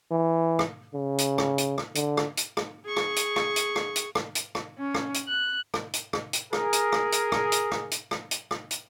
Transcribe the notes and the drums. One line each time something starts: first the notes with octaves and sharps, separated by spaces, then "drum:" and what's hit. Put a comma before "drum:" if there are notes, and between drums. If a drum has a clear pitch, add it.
E3
drum: rim click
C#3
drum: hi-hat
drum: rim click
drum: hi-hat
drum: rim click
D3, drum: hi-hat
drum: rim click
drum: hi-hat
drum: rim click
G#4 C#6
drum: rim click
drum: hi-hat
drum: rim click
drum: hi-hat
drum: rim click
drum: hi-hat
drum: rim click
drum: hi-hat
drum: rim click
C#4
drum: rim click
drum: hi-hat
F#6
drum: rim click
drum: hi-hat
drum: rim click
drum: hi-hat
G#4 A#4, drum: rim click
drum: hi-hat
drum: rim click
drum: hi-hat
drum: rim click
drum: hi-hat
drum: rim click
drum: hi-hat
drum: rim click
drum: hi-hat
drum: rim click
drum: hi-hat